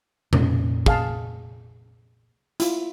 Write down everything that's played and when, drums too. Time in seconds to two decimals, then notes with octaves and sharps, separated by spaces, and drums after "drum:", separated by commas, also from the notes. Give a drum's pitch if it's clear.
0.33 F2 A#2 C#4, drum: tom B2
0.86 G#4 F5 A5, drum: kick
2.60 E4 F4, drum: hi-hat